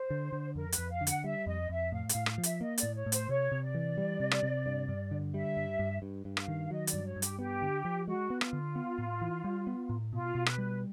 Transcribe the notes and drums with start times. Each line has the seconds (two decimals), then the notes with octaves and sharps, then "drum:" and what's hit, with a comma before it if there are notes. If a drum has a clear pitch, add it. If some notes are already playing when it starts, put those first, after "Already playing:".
Already playing: C5
0.10 D3
0.32 D3
0.55 F2 A#4
0.72 B4, drum: hi-hat
0.78 F2
0.90 F5
1.01 D3
1.07 F#5, drum: hi-hat
1.24 G3 E5
1.46 F2 D#5
1.69 F2 E5
1.92 A2 F5
2.09 F5, drum: hi-hat
2.15 A2
2.26 F5, drum: rim click
2.38 F3
2.43 E5, drum: hi-hat
2.61 A#3 D#5
2.78 D5, drum: hi-hat
2.83 A2
2.95 C#5
3.06 A2
3.12 C5, drum: hi-hat
3.29 C3 C#5
3.52 C3
3.63 D5
3.75 E3
3.97 G3
4.20 C3
4.31 drum: rim click
4.43 C3
4.66 G2
4.88 G2
5.11 D3
5.34 G3 E5
5.57 G2
5.79 G2
6.02 G2
6.25 G2
6.37 F5, drum: rim click
6.48 D#3
6.70 F#3 D#5
6.87 D5, drum: hi-hat
6.93 G2
7.05 C#5
7.16 G2
7.22 G4, drum: hi-hat
7.39 B3 G4
7.62 D3
7.85 F3
8.07 G#3 F#4
8.30 B3
8.41 F4, drum: rim click
8.53 D3
8.76 B3
8.98 A2
9.21 E3
9.44 G3
9.67 B3
9.89 A2
10.12 B2 F4
10.35 B2
10.46 B4, drum: rim click
10.58 G3